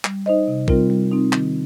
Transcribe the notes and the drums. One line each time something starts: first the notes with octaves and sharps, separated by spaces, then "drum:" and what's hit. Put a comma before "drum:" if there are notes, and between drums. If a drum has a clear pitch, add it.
G3, drum: clap
D#4 C5 D#5
C3
G3 C4 F4 A#4, drum: kick
G3
C4 D#4
D#3, drum: clap